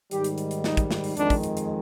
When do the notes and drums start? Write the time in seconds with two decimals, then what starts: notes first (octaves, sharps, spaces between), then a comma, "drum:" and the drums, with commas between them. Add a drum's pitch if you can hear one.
0.11 G#2 D#3 G3 G4, drum: hi-hat
0.24 drum: hi-hat
0.38 drum: hi-hat
0.51 drum: hi-hat
0.64 D#4, drum: snare
0.77 drum: kick, hi-hat
0.91 drum: snare
1.04 drum: open hi-hat
1.17 F2 D#3 G#3 D4, drum: hi-hat
1.30 drum: kick, open hi-hat
1.43 drum: hi-hat
1.57 drum: hi-hat